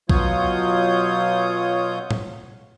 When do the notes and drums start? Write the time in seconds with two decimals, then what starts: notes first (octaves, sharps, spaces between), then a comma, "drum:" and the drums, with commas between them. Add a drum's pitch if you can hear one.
0.10 B2 F#3 F4 C#5 D#6 G6, drum: kick A#1
2.11 drum: tom A2